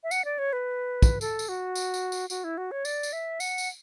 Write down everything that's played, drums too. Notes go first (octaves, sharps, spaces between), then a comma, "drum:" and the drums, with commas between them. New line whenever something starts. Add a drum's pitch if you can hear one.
E5
F#5, drum: tambourine
D5
C#5
B4
drum: kick, tambourine
A4, drum: tambourine
drum: tambourine
F#4
drum: tambourine
drum: tambourine
drum: tambourine
F#4, drum: tambourine
E4
F#4
C#5
D5, drum: tambourine
drum: tambourine
E5
F#5, drum: tambourine
drum: tambourine